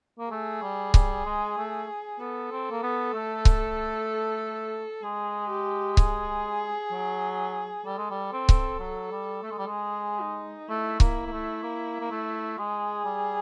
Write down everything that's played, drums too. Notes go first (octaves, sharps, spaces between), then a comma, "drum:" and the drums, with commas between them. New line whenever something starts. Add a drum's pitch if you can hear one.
A#3
A3 G#4
G3
G3, drum: kick C#1
G#3
A3
B3 A4
C4
A#3
B3
A3
drum: kick C#1
G#3 G#4
G4
G#4, drum: kick C#1
F#3
G3 A4
G#3
G3
C4
drum: kick C#1
F#3
G3
A3
G#3
G3
G#3
G#4
D#4
A3 E4
A#3, drum: kick C#1
A#3
A3
A#3
A#3
A3
G#3 G#4
G3